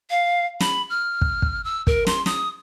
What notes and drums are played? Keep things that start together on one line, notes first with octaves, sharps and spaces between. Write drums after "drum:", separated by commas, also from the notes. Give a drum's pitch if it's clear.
F5
B5, drum: snare
F6
drum: kick
drum: kick
E6
A#4, drum: kick
C6, drum: snare
D#6, drum: snare